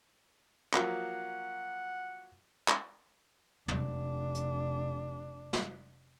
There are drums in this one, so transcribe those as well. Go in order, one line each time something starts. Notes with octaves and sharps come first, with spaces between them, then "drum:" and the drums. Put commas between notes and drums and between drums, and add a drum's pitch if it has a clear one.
F3 F#3 A#3 F#5, drum: clap
drum: clap
F1 D4, drum: tom
drum: hi-hat
drum: snare